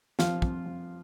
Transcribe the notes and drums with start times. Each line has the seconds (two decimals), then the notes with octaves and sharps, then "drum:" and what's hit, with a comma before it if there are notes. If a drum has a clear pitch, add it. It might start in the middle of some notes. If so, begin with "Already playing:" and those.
0.19 F2 F3 F4, drum: snare
0.42 F2, drum: kick
0.66 F2